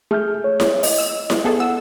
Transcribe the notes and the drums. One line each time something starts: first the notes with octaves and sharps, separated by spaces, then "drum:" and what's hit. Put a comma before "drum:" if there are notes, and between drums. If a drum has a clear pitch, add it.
A3 G#4 F6 G6
C#5
drum: snare E4
D#5, drum: open hi-hat
E6
drum: snare E4
B3 G#4 A4
F#5 E6